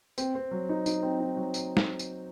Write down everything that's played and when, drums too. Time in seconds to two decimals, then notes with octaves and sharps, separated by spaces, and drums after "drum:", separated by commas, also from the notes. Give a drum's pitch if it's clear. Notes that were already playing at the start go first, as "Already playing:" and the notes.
0.18 C4, drum: tambourine
0.35 C4
0.51 F#3
0.69 D#4
0.86 D#4, drum: tambourine
1.03 C4
1.20 D#4
1.37 F#3
1.54 drum: tambourine
1.77 drum: snare
1.99 drum: tambourine